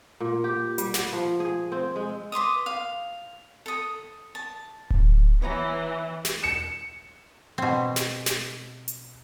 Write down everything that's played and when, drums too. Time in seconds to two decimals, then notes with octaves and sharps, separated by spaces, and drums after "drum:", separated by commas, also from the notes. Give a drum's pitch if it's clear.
0.20 A#2
0.44 G4
0.78 G3, drum: hi-hat
0.94 F#5, drum: snare
1.13 F3
1.40 G#4
1.72 C4
1.96 G#3
2.32 B4 C6 D6 D#6
2.66 F5
3.66 A4 D#6
4.35 A5
4.90 drum: kick D1
5.42 E3 B3 C#5 A#5
6.25 drum: snare
6.43 C#7 E7
7.58 B2 C4
7.96 drum: snare
8.26 drum: snare
8.88 drum: hi-hat